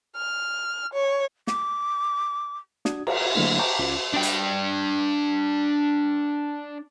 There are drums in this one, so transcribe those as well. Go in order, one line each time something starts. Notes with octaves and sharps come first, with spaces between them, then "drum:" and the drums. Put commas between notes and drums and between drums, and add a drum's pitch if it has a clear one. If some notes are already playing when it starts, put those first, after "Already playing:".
F6
C#5
D6, drum: snare
D4 F#4 D#6 G#6, drum: snare
A#5, drum: cymbal
D3 F#3 A3 A#3 D4 E4
G5 A5 A#5 C#6 D6 G6
C#2 C#4 F4 D6
D4 G5
drum: hi-hat